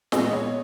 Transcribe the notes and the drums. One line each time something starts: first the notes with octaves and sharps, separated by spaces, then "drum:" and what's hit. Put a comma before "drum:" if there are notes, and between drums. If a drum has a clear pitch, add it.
A#2 G#3 B3 D#5, drum: snare
C#5